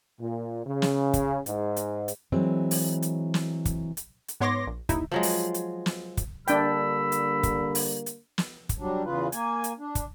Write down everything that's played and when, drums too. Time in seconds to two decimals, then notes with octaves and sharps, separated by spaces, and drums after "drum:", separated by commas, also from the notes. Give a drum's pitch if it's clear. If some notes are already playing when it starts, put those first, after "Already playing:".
0.20 A#2
0.66 C#3
0.82 drum: snare
1.13 drum: kick, hi-hat
1.46 G#2, drum: hi-hat
1.76 drum: hi-hat
2.08 drum: hi-hat
2.32 E3 F#3 G#3 C4
2.71 drum: open hi-hat
3.02 drum: hi-hat
3.34 drum: snare
3.65 drum: kick, hi-hat
3.97 drum: hi-hat
4.28 drum: hi-hat
4.41 G#2 B3 C#5 C6 D6 A#6
4.67 A#1
4.89 G1 D#2 D#4 E4, drum: kick, hi-hat
5.12 F3 F#3 G#3
5.23 drum: open hi-hat
5.54 drum: hi-hat
5.86 drum: snare
6.17 drum: kick, hi-hat
6.48 D3 G3 A#3 D4 G5 B5 E6, drum: hi-hat
7.12 drum: hi-hat
7.43 drum: kick, hi-hat
7.75 drum: open hi-hat
8.06 drum: hi-hat
8.38 drum: snare
8.69 drum: kick, hi-hat
8.79 F#3 G3 D4
9.04 E2 C#3 F4 B4
9.32 A#3 G#5, drum: hi-hat
9.64 drum: hi-hat
9.79 D4
9.95 drum: kick, hi-hat